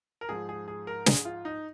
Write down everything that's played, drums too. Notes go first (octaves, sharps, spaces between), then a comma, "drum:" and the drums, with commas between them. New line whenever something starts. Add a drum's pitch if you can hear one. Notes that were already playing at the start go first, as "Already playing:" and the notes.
A#4
G#2 F3 G#4
G#4
G#4
A#4
G#4, drum: snare
F4
D#4